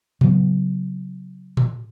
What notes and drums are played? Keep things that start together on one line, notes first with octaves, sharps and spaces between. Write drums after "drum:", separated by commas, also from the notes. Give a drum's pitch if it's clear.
C#3 F#3 B3, drum: tom A2
drum: tom A2